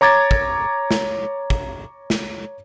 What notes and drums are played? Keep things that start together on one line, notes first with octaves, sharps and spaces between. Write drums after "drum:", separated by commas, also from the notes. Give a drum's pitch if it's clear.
C#5 A#5 D6 G#6 A6
drum: kick
drum: snare
drum: kick
drum: snare